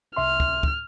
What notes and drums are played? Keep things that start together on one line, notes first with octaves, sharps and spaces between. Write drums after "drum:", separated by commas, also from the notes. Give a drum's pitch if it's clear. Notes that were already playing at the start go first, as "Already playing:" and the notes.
C2 E5 C6 F6
drum: kick
drum: kick